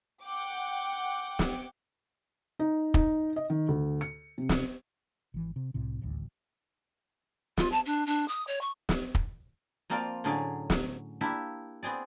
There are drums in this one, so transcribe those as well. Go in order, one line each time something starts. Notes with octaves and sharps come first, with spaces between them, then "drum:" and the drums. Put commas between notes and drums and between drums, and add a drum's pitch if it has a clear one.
F#5 G5 D6
drum: snare
D#4
D#4, drum: kick
D#5
D#3
D2
C#7
C3
drum: snare
G#1 E3
C3
C2 A2 C3
D#1 A1 D2
F4, drum: snare
A5
D4
D4
D#6
C#5
C#6
drum: snare
drum: kick
F3 A#3 C4 F4 D5 F5
A2 D3 F#3 C#4 G#4 D5
drum: snare
A#3 D4 E4 G4 E5
B3 C4 G#4 D5